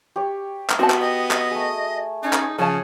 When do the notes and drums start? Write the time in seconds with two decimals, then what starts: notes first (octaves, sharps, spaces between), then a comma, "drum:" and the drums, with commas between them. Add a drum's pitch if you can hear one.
0.16 G4 C#5
0.70 drum: clap
0.79 B3 C4 F#4 A5
0.90 drum: clap
1.00 D#5 G5
1.31 drum: clap
1.51 A3 G#4
2.23 C#4 D#4
2.33 drum: clap
2.58 C#3 F3 C#4 A5